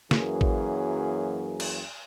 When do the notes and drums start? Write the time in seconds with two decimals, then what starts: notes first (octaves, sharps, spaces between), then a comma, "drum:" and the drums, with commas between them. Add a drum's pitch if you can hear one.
0.11 F#2 E3 F#3 A#3 G#4, drum: snare
0.41 drum: kick
1.60 drum: cymbal